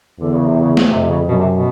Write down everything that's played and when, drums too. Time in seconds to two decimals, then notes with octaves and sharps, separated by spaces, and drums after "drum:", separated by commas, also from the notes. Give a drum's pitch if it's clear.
0.19 E2 D3
0.34 C#3
0.46 C3
0.60 C#3
0.77 drum: snare
0.92 F2 C3
1.02 C3
1.10 C#3
1.28 F#2 B2
1.40 C3
1.53 B2